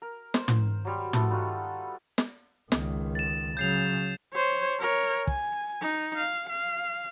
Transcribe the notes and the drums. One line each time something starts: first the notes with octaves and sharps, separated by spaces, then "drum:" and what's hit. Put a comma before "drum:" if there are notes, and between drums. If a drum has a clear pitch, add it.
A#4
C5, drum: snare
drum: tom
F#3 G3 C6
A3 B3 A4, drum: tom
G3 D#4 F4 F#4
drum: snare
C#2 D#3, drum: snare
A6 E7
C#3 F#3 G6 C7 F7
C5 C#5
A#4 C#5
G#5, drum: kick
D#4
F5
F5